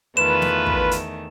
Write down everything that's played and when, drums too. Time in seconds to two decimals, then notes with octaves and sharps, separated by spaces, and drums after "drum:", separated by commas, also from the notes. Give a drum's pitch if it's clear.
0.17 E2 D#3 A3 F4 B4 E7
0.42 drum: snare
0.67 drum: kick
0.91 drum: hi-hat